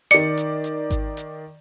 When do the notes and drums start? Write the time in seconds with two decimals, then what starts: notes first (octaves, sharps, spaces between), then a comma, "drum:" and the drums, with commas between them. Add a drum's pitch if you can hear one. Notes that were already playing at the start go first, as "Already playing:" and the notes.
0.11 D#3 D5 C#7, drum: hi-hat
0.37 drum: hi-hat
0.64 drum: hi-hat
0.90 drum: kick G#1, hi-hat
1.17 drum: hi-hat